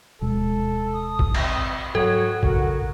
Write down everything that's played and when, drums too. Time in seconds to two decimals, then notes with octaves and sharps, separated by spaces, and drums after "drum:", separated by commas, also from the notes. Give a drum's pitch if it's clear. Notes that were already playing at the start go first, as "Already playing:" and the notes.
0.21 D1 B2 G#3 A4
0.93 D#6
1.19 drum: kick A1
1.35 C4, drum: cymbal
1.95 G#2 F#3 F#4 A4 C#5
2.43 F2 C#3 F#4 A#4, drum: kick A1